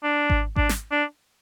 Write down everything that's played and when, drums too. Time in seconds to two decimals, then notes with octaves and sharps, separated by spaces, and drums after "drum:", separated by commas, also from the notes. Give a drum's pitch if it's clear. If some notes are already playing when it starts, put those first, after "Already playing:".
0.03 D4
0.30 drum: kick G#1
0.56 D4, drum: kick G#1
0.69 drum: snare
0.91 D4